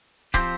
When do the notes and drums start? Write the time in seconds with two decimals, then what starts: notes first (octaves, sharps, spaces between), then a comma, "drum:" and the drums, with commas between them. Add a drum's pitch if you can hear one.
0.34 F3 C4 G4 C5, drum: kick C#1